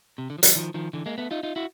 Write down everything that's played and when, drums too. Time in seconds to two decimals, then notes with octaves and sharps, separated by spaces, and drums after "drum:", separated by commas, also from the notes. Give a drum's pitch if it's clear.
0.18 C3
0.30 D3
0.38 F3
0.43 E3 F#3, drum: hi-hat
0.56 D#3 F3
0.74 D#3 F3
0.93 D3 E3
1.06 G#3 A#3
1.18 A3 B3
1.31 D#4 F4
1.43 D#4 F4
1.56 E4 F#4